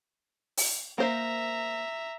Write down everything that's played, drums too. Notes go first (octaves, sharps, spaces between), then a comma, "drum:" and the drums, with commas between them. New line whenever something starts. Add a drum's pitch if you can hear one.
drum: open hi-hat
A#3 C5 E5 A#5